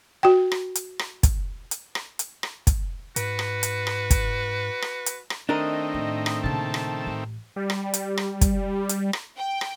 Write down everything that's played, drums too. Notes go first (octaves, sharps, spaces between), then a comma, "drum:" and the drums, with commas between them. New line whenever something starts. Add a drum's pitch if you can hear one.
F#4 G5
drum: rim click
drum: hi-hat
drum: rim click
drum: kick, hi-hat
drum: hi-hat
drum: rim click
drum: hi-hat
drum: rim click
drum: kick, hi-hat
G#2 F#4 B4, drum: hi-hat
drum: rim click
drum: hi-hat
drum: rim click
drum: kick, hi-hat
drum: rim click
drum: hi-hat
drum: rim click
D#3 A3 C4 D4 A#4 D#5
A2
drum: rim click
A#2 C#3 A5
drum: rim click
A1
G3
drum: rim click
drum: hi-hat
drum: rim click
drum: kick, hi-hat
drum: hi-hat
drum: rim click
G5
drum: rim click